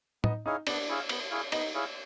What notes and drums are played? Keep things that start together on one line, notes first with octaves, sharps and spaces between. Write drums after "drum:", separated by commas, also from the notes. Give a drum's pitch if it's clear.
B3 D#4 D#5, drum: tom
D#4 E4 G#4 C#5 D#5 F5
B3 D4 D5, drum: cymbal
E4 G#4 C#5 F5
B3, drum: cymbal
E4 G#4 C#5 F5
B3 D#4 D#5, drum: cymbal
E4 G#4 C#5 F5